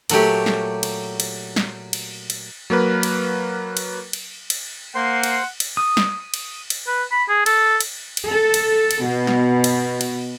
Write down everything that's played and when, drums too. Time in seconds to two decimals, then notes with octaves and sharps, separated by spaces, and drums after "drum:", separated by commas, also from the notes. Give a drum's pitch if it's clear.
0.10 A#2 F#3 A3 G4, drum: cymbal
0.46 drum: snare
0.83 drum: cymbal
1.20 drum: cymbal
1.56 drum: snare
1.93 drum: cymbal
2.30 drum: cymbal
2.70 F#3 A#3 A#4 B4
3.03 drum: cymbal
3.77 drum: cymbal
4.13 drum: cymbal
4.50 drum: cymbal
4.95 A#3 C5 F#5 C6
5.24 drum: cymbal
5.60 drum: cymbal
5.77 D#6
5.97 drum: snare
6.34 drum: cymbal
6.70 drum: cymbal
6.87 B4
7.11 B5
7.29 G#4
7.46 A4, drum: cymbal
7.80 drum: cymbal
8.17 drum: cymbal
8.27 A4
8.54 drum: cymbal
8.91 drum: cymbal
9.06 B2
9.27 drum: snare
9.64 drum: cymbal
10.01 drum: cymbal